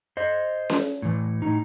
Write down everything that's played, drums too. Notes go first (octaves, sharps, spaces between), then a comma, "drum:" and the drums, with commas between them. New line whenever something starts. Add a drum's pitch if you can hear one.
C5 D#5
drum: snare C#4
A2 E3
A2 D#4